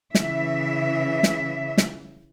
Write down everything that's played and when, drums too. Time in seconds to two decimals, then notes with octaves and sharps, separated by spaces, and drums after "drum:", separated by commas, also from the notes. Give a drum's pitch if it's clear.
0.15 C#3 E3 E5, drum: snare
1.23 drum: snare
1.78 drum: snare